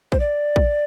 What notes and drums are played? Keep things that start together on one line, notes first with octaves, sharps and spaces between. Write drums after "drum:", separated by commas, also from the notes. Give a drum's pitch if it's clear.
C5, drum: kick
D5
drum: kick